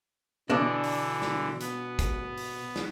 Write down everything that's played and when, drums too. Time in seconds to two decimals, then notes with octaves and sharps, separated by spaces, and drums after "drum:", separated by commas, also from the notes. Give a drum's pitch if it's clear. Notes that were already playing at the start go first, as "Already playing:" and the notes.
0.49 B2 D3 E3 D4
0.83 drum: open hi-hat
1.22 drum: snare
1.60 B3, drum: hi-hat
1.99 drum: kick, hi-hat
2.37 drum: open hi-hat
2.76 drum: snare